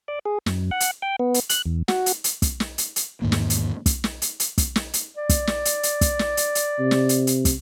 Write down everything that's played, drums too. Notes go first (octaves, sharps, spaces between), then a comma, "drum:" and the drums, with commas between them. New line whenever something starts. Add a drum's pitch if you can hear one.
D5
G#4
F#2, drum: snare
F#5
drum: hi-hat
G5
B3
drum: hi-hat
F#6, drum: hi-hat
E2
F#4, drum: snare
drum: hi-hat
drum: hi-hat
drum: kick, hi-hat
drum: snare
drum: hi-hat
drum: hi-hat
E2 G#2 D#3 A#3
drum: snare
drum: hi-hat
drum: kick, hi-hat
drum: snare
drum: hi-hat
drum: hi-hat
drum: kick, hi-hat
drum: snare
drum: hi-hat
D5
drum: kick, hi-hat
drum: snare
drum: hi-hat
drum: hi-hat
drum: kick, hi-hat
drum: snare
drum: hi-hat
drum: hi-hat
C3
drum: snare
drum: hi-hat
drum: hi-hat
drum: kick, hi-hat